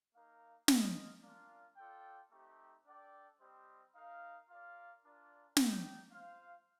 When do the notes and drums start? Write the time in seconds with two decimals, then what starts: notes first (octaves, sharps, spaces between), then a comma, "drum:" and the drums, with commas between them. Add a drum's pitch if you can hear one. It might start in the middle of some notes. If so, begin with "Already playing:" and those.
0.14 A#3 D#4 A#4 F5
0.68 F4 A#4 D#5, drum: snare
1.22 D4 F4 A#4 D5 F5
1.77 F4 A4 D5 G5
2.31 A3 C4 D#4 G4
2.85 D4 A4 D5 G5
3.39 G3 C4 G4 C5 D#5
3.93 D#4 A#4 F5
4.48 F4 A#4 D5 F5
5.02 D4 F4 A#4 D5
5.57 D#4 G4 D5 G5, drum: snare
6.11 F4 C5 F5